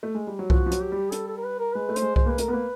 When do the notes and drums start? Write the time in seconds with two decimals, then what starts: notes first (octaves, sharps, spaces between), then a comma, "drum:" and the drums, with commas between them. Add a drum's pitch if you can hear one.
0.03 A3
0.15 G#3
0.27 G3
0.39 F#3
0.50 F3 F#4, drum: kick C2
0.66 F3
0.71 F#3, drum: hi-hat
0.81 G4
0.92 G3
1.12 A4, drum: hi-hat
1.28 A4
1.37 A#4
1.44 B4
1.59 A#4
1.75 G#3 B4
1.89 A3
1.96 C5, drum: hi-hat
2.02 G#3
2.16 C5, drum: kick C2
2.26 A#3 B4
2.38 A3 A#4, drum: hi-hat
2.48 B3
2.53 A#3 B4